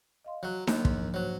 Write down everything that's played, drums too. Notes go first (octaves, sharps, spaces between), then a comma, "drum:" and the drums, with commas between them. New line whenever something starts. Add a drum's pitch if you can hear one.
D#5 F5 C6
F#3
D#2 F#3 A#3 D4, drum: snare D#4
G#2 F3, drum: kick
F#3 C5